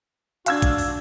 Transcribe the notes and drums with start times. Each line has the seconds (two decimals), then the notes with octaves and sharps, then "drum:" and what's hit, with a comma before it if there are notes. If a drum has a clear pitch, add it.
0.46 D4 F#4 F5 E6 G#6, drum: hi-hat
0.62 drum: kick, hi-hat
0.78 drum: open hi-hat